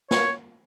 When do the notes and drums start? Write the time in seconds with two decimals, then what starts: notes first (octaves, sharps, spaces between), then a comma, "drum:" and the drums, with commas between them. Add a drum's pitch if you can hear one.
0.11 C#5, drum: snare